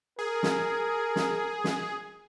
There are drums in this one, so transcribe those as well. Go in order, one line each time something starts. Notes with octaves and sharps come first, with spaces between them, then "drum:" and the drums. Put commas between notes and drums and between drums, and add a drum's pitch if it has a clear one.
G#4 A#4
drum: snare
drum: snare
drum: snare